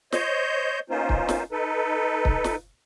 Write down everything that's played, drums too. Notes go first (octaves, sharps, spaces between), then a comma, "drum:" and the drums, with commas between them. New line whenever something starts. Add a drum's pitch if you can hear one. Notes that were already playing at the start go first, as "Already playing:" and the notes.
C5 C#5 D#5 G6, drum: snare
A#3 B3 C#4 D#4 F4 C5
drum: kick C#1
drum: snare
D#4 A4 B4
drum: kick C#1
drum: snare